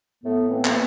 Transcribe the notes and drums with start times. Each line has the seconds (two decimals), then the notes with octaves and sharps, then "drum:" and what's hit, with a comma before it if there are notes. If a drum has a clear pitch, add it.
0.23 A2 A3 B3
0.50 E3 A#3 C4
0.65 drum: clap